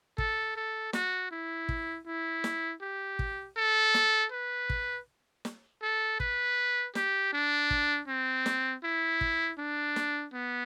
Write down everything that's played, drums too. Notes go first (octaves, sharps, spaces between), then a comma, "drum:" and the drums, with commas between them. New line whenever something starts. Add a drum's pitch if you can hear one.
A4, drum: kick
A4
F#4, drum: snare
E4
drum: kick
E4
drum: snare
G4
drum: kick
A4
drum: snare
B4
drum: kick
drum: snare
A4
B4, drum: kick
G4, drum: snare
D4
drum: kick
C4
drum: snare
E4
drum: kick
D4
drum: snare
B3